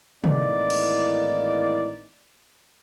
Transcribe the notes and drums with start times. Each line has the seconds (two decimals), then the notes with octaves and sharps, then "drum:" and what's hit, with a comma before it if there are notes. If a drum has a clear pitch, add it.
0.24 G#1 A2 E3 A#3 D#4 D5, drum: tom
0.70 drum: cymbal